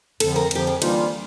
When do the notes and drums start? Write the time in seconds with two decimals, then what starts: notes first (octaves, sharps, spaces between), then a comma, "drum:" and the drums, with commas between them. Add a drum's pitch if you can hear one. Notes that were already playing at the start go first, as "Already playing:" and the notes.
0.20 F2 D3 F3 A4, drum: cymbal
0.36 A#4
0.51 F2 D3 F3 G4, drum: cymbal
0.67 G#4
0.82 E3 G3 A#3 D4 D#4 F4, drum: cymbal